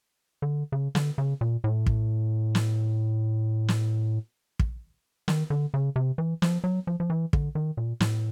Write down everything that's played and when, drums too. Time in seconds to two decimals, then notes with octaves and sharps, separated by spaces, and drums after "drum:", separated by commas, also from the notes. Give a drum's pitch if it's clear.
0.42 D3
0.72 C#3
0.95 D3, drum: snare
1.18 C#3
1.41 A#2
1.64 A2
1.86 drum: kick
2.55 drum: snare
3.68 drum: snare
4.59 drum: kick
5.28 D#3, drum: snare
5.50 D3
5.74 C#3
5.96 C3
6.18 E3
6.42 F3, drum: snare
6.64 F#3
6.87 F3
7.00 F3
7.10 E3
7.33 D3, drum: kick
7.55 D#3
7.77 A#2
8.00 A2, drum: snare